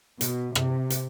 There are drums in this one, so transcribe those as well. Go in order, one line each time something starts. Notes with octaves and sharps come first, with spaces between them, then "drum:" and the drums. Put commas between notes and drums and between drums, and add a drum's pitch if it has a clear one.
B2, drum: hi-hat
C3, drum: rim click
drum: hi-hat